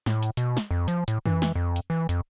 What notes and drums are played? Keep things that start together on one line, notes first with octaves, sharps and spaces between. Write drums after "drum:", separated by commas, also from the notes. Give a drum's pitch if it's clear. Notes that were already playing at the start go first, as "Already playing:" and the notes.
A2, drum: snare
drum: hi-hat
B2, drum: hi-hat
drum: snare
F2
F3, drum: hi-hat
A2, drum: hi-hat
E3, drum: tom F2
drum: snare
F2
drum: hi-hat
E3
F2, drum: hi-hat